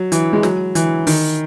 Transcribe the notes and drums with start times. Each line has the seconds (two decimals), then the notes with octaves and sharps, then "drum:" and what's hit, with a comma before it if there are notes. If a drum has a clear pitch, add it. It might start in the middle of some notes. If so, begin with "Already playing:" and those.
Already playing: F#3
0.12 E3, drum: hi-hat
0.33 G#3
0.43 F#3, drum: snare
0.75 E3, drum: hi-hat
1.07 D#3, drum: open hi-hat